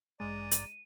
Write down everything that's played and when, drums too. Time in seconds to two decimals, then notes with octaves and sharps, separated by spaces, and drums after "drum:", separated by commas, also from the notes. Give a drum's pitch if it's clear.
0.20 A1 G2 G#3 D5 A#5 A6 D#7
0.51 drum: hi-hat